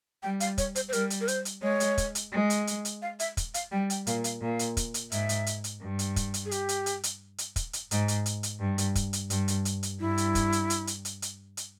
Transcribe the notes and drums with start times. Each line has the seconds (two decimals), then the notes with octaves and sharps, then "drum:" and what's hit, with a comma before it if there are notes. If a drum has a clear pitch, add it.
0.23 G3 G5
0.40 F5, drum: hi-hat
0.58 C#5, drum: kick, hi-hat
0.75 C5, drum: hi-hat
0.89 C5
0.93 G3 A#4, drum: hi-hat
1.10 drum: hi-hat
1.21 A#4
1.28 C5, drum: hi-hat
1.45 drum: hi-hat
1.62 G#3 C#5
1.80 drum: hi-hat
1.98 drum: kick, hi-hat
2.15 drum: hi-hat
2.32 G#3
2.50 drum: hi-hat
2.67 drum: hi-hat
2.85 drum: hi-hat
3.02 F5
3.20 E5, drum: hi-hat
3.37 drum: kick, hi-hat
3.54 F5, drum: hi-hat
3.72 G3 G5
3.90 G5, drum: hi-hat
4.07 A#2 F5, drum: hi-hat
4.24 F5, drum: hi-hat
4.42 A#2 F5
4.59 drum: hi-hat
4.77 drum: kick, hi-hat
4.94 drum: hi-hat
5.12 G#2 E5, drum: hi-hat
5.29 drum: hi-hat
5.46 drum: hi-hat
5.64 drum: hi-hat
5.81 G2
5.99 drum: hi-hat
6.16 drum: kick, hi-hat
6.34 drum: hi-hat
6.46 G#4
6.51 G4, drum: hi-hat
6.69 drum: hi-hat
6.86 drum: hi-hat
7.04 drum: hi-hat
7.38 drum: hi-hat
7.56 drum: kick, hi-hat
7.73 drum: hi-hat
7.91 G#2, drum: hi-hat
8.08 drum: hi-hat
8.26 drum: hi-hat
8.43 drum: hi-hat
8.60 G2
8.78 drum: hi-hat
8.95 drum: kick, hi-hat
9.13 drum: hi-hat
9.30 G2, drum: hi-hat
9.48 drum: hi-hat
9.65 drum: hi-hat
9.83 drum: hi-hat
10.00 G2 E4
10.18 drum: hi-hat
10.35 drum: kick, hi-hat
10.52 drum: hi-hat
10.70 drum: hi-hat
10.87 drum: hi-hat
11.05 drum: hi-hat
11.22 drum: hi-hat
11.57 drum: hi-hat